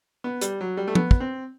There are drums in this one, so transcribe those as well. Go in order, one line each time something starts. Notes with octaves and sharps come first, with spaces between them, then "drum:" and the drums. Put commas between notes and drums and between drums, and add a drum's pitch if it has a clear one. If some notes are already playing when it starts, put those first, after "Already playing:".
B3
G3, drum: hi-hat
F#3
G3
A3
B3, drum: tom
drum: kick
C4